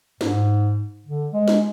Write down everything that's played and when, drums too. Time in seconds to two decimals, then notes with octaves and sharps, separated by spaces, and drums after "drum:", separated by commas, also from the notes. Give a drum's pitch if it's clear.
0.21 G#2, drum: snare
1.06 D3
1.33 G#3
1.48 drum: snare